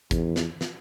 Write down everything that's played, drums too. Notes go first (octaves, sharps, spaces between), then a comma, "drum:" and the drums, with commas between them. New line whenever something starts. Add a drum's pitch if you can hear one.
E2, drum: kick, hi-hat
drum: snare
drum: snare